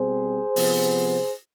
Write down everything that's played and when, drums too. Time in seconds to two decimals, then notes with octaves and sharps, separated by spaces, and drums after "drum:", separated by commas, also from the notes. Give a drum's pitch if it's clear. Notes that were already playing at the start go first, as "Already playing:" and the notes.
Already playing: B2 G3 C4 G#4 C5
0.56 C3 F3 B3, drum: open hi-hat